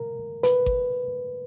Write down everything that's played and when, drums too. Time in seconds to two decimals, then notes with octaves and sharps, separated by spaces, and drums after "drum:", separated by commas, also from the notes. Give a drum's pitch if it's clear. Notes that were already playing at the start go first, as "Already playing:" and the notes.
Already playing: A#4
0.43 B4, drum: hi-hat
0.66 drum: kick G#1